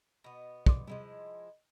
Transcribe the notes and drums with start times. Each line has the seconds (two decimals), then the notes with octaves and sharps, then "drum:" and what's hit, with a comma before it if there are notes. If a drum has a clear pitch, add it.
0.24 B2 B3
0.66 D5 C6 D6, drum: kick
0.87 C3 F3 G3 G#3 E4